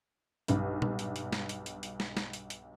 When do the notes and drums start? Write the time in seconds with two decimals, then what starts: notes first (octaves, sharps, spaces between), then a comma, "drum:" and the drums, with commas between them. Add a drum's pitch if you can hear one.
0.48 B1 G2, drum: hi-hat
0.82 drum: tom A#2
0.99 drum: hi-hat
1.16 drum: hi-hat
1.32 drum: snare
1.49 drum: hi-hat
1.66 drum: hi-hat
1.83 drum: hi-hat
2.00 drum: snare
2.17 drum: snare
2.33 drum: hi-hat
2.50 drum: hi-hat